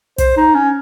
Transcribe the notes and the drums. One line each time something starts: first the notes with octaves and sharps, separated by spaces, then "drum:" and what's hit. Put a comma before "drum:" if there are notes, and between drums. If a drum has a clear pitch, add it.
C5, drum: kick, hi-hat
D#4
C#4